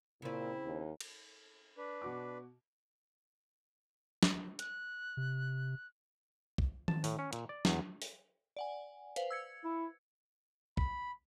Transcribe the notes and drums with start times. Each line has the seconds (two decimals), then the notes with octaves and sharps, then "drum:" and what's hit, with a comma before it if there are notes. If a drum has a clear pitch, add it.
0.22 A#2 C#3 C4 E4
0.65 D#2
1.01 drum: cymbal
1.78 D4 B4
2.02 B2 F#4 D6
4.23 drum: snare
4.59 F#6, drum: hi-hat
5.17 C3
6.58 drum: kick
6.88 A5, drum: tom D#3
7.04 A2, drum: open hi-hat
7.19 C#4
7.33 A#2, drum: hi-hat
7.49 D5
7.65 E2, drum: snare
8.02 drum: open hi-hat
8.56 D5 F#5 G#5
9.16 B4 C5 F5, drum: hi-hat
9.31 E6 G#6 C#7
9.64 E4
10.77 B5, drum: kick